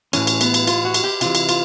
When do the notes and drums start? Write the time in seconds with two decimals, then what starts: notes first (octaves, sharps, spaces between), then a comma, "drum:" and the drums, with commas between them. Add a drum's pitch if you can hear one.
0.13 A2 E3 C#4, drum: cymbal
0.27 drum: cymbal
0.41 B3, drum: cymbal
0.54 drum: cymbal
0.67 F4, drum: cymbal
0.85 F#4
0.94 drum: cymbal
1.04 G4
1.21 C3 E3 F4, drum: cymbal
1.35 drum: cymbal
1.49 F4, drum: cymbal